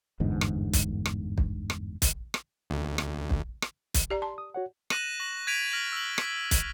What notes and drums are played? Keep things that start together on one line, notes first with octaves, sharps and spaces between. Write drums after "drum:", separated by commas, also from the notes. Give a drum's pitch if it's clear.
G1 E2 G#2 D3
drum: rim click
drum: kick, hi-hat
drum: rim click
drum: kick
drum: rim click
drum: kick, hi-hat
drum: rim click
D2
drum: rim click
drum: kick
drum: rim click
drum: kick, hi-hat
G4 D5 A#5
A5 C6
D#6
F#4 C#5 F#5
F#6 A#6 D#7 E7 F#7, drum: rim click
C#6 A#6 F#7
F#6 G#6 B6 D7 D#7 F7
F6 A#6 D7 D#7 F7 F#7
E6 F#7
B6, drum: rim click
drum: kick, hi-hat